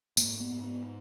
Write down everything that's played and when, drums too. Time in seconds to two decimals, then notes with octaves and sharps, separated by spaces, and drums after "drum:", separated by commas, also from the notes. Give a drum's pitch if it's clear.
0.17 G#2 A#3, drum: tambourine
0.40 B3
0.52 G#2
0.64 B3